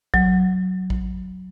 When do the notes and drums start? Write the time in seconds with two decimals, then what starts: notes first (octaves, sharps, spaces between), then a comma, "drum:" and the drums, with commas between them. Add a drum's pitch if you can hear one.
0.14 F#3, drum: kick A1
0.90 drum: kick A1